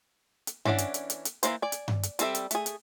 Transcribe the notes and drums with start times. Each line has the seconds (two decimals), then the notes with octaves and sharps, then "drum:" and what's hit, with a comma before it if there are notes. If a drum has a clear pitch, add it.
0.47 drum: hi-hat
0.65 E3 C#4 D4 D5 F#5, drum: tom G2
0.78 drum: hi-hat
0.94 drum: hi-hat
1.10 drum: hi-hat
1.25 drum: hi-hat
1.43 E3 F#3 A#3 C5, drum: hi-hat
1.62 D5 G#5
1.72 drum: hi-hat
1.88 drum: tom G2
2.03 drum: hi-hat
2.19 G3 C4 A4 E5, drum: hi-hat
2.35 drum: hi-hat
2.51 A3 G#4, drum: hi-hat
2.66 drum: hi-hat